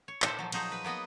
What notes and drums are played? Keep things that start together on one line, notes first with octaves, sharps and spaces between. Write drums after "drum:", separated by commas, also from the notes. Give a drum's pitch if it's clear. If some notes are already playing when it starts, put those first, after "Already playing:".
C#5
A#2 A4 C5, drum: clap
F3 F#3
F3 F#3 D#4 G#4 C5, drum: cymbal
B4
A#3 B3 B4 D#5